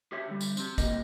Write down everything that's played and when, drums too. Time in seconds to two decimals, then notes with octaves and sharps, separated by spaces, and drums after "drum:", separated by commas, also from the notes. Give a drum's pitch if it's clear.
0.12 G4 C#5 E5
0.28 D3 G3
0.41 drum: tambourine
0.57 C4 G4, drum: tambourine
0.78 G2 A#3 G4 D#5, drum: kick, tambourine